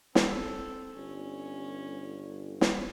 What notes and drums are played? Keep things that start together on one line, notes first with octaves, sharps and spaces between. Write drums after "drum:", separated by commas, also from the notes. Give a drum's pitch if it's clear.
C4 A4, drum: snare
G1 C#4
drum: snare